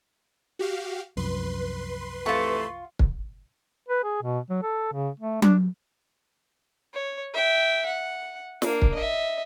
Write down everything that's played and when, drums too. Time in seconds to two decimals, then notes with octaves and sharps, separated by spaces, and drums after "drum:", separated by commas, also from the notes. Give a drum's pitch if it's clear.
0.59 F#4 G4 F5
1.17 C2 F#2 F3 B4 C6
2.26 C3 E3 A3 F4 C#6
2.99 drum: kick
3.88 B4
4.04 G#4
4.23 B2
4.50 F#3
4.63 A4
4.93 C#3
5.20 A3
5.42 D4, drum: tom F#3
6.94 C#5
7.33 E5 G5
7.85 F#5
8.62 A#3 D4, drum: snare
8.82 drum: kick
8.94 D#5 E5